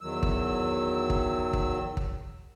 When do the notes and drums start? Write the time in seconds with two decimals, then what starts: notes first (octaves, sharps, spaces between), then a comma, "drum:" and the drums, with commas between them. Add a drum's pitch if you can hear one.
0.01 E2 D#3 F#3 E6
0.23 drum: kick
1.10 drum: kick
1.53 drum: kick
1.97 drum: kick